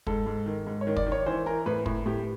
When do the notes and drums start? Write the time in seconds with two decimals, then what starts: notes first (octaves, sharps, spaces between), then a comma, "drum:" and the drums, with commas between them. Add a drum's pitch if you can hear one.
0.07 G#2 A4, drum: kick
0.26 G#2
0.46 D#3
0.67 G#2
0.81 C#5
0.87 D#3
0.96 D5, drum: kick
1.06 D#3
1.12 C#5
1.26 E3 C5
1.46 E3 A#4
1.66 A2 B4
1.86 A2, drum: kick
2.06 A2 G4